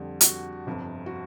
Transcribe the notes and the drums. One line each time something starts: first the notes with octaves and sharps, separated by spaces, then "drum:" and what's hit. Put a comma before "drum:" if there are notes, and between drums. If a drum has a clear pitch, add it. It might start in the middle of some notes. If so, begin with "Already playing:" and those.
Already playing: F2 D3 G3
F#4, drum: hi-hat
G1 F2 C3
F#4